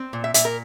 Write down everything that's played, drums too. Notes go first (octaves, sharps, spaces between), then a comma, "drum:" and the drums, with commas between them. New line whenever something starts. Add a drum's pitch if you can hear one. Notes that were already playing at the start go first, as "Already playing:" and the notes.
Already playing: C4
A#2
E5
A#2 E5, drum: hi-hat
A#4